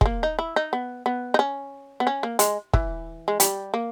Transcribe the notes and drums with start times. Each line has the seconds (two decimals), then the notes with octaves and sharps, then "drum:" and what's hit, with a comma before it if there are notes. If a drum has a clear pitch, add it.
0.01 G#3, drum: kick
0.06 A#3
0.23 D#4
0.39 E4
0.56 D#4
0.73 B3
1.06 B3
1.34 D#4
1.39 C#4
2.00 B3
2.07 C#4
2.23 A#3
2.39 G#3, drum: hi-hat
2.73 E3, drum: kick
3.28 G#3
3.40 G3, drum: hi-hat
3.74 A#3